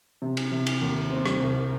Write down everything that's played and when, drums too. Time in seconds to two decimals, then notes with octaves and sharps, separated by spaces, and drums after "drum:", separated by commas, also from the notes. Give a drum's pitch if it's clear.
0.22 C3
0.37 drum: cymbal
0.52 C3
0.66 drum: cymbal
0.81 D#2
1.11 C4
1.26 drum: rim click
1.40 C2